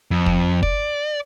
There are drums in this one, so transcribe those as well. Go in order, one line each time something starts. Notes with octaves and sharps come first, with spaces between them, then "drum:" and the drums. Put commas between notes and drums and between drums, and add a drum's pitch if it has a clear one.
F2
drum: kick
D5, drum: kick